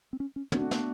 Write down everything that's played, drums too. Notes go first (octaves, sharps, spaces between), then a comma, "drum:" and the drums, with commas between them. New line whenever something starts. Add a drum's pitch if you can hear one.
C4
C#4
C#4
A3 B3 D4 F#4, drum: tom
C4
B3, drum: snare